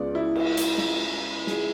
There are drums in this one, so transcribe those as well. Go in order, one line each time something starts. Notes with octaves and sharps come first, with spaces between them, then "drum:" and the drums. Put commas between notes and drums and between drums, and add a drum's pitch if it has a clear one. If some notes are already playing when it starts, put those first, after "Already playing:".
Already playing: C#2 C#3 G#3 B3 D5
E4
drum: cymbal
drum: hi-hat
drum: snare
G#4, drum: snare